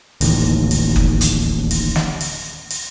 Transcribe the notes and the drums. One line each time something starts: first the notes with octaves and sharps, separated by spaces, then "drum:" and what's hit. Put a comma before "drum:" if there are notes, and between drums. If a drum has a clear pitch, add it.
D1 A1 D#2, drum: open hi-hat
drum: open hi-hat
drum: kick F#1
drum: hi-hat
drum: open hi-hat
drum: snare
drum: open hi-hat
drum: open hi-hat